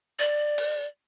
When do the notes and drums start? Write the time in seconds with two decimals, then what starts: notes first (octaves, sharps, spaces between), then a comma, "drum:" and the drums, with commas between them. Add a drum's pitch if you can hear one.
0.19 D5
0.58 drum: open hi-hat